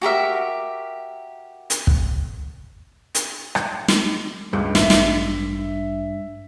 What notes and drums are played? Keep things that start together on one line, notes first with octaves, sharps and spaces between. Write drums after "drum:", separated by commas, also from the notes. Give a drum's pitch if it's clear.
F#4 G4 A#4 E5
drum: hi-hat
drum: kick
drum: hi-hat
drum: rim click
drum: snare
C#2 G2
A1 E5, drum: snare
drum: snare